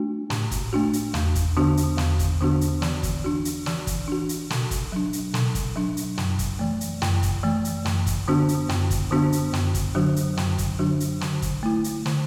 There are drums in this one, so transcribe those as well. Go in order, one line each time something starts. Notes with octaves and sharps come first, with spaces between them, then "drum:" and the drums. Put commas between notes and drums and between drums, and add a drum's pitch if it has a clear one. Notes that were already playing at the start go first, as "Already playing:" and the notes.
Already playing: A3 D4 F#4
A2, drum: snare
drum: kick, hi-hat
A3 D4 F#4
drum: hi-hat
E2, drum: snare
drum: kick, hi-hat
D3 B3 D4 F#4
drum: hi-hat
E2, drum: snare
drum: kick, hi-hat
D3 B3 D4 F#4
drum: hi-hat
E3, drum: snare
drum: kick, hi-hat
D4 F#4
drum: hi-hat
E3, drum: snare
drum: kick, hi-hat
D4 F#4
drum: hi-hat
B2, drum: snare
drum: kick, hi-hat
F#3 D4
drum: hi-hat
B2, drum: snare
drum: kick, hi-hat
F#3 D4
drum: hi-hat
F#2, drum: snare
drum: kick, hi-hat
E3 A3
drum: hi-hat
F#2, drum: snare
drum: kick, hi-hat
E3 A3
drum: hi-hat
F#2, drum: snare
drum: kick, hi-hat
D3 B3 D4 F#4
drum: hi-hat
F#2, drum: snare
drum: kick, hi-hat
D3 B3 D4 F#4
drum: hi-hat
F#2, drum: snare
drum: kick, hi-hat
D3 F#3 D4 F#4
drum: hi-hat
F#2, drum: snare
drum: kick, hi-hat
D3 F#3 D4 F#4
drum: hi-hat
D3, drum: snare
drum: kick, hi-hat
A3 E4
drum: hi-hat
D3, drum: snare